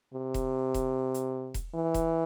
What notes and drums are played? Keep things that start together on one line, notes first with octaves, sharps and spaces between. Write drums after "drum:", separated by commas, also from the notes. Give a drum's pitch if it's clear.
C3
drum: kick E1, hi-hat
drum: kick E1, hi-hat
drum: hi-hat
drum: kick E1, hi-hat
E3
drum: kick E1, hi-hat